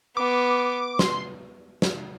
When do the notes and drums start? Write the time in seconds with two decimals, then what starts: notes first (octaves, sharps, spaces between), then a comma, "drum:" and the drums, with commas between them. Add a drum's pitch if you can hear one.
0.17 B3 D6
0.99 C6, drum: snare
1.82 drum: snare